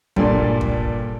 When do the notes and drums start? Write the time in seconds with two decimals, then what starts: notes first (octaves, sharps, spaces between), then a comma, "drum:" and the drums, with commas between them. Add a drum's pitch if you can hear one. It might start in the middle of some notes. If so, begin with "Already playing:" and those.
0.16 G2 A#2 A4 D5 G#5 C6, drum: kick
0.61 drum: kick